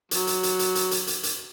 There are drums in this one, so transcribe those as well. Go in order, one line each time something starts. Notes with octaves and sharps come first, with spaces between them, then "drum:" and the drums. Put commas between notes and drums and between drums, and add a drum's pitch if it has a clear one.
F#3, drum: hi-hat
drum: hi-hat
drum: hi-hat
drum: hi-hat
drum: hi-hat
drum: hi-hat
drum: hi-hat
drum: hi-hat